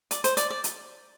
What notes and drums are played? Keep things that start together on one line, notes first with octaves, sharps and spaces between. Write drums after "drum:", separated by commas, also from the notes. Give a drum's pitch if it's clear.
D5, drum: hi-hat
C5, drum: hi-hat
D5, drum: hi-hat
D5
drum: hi-hat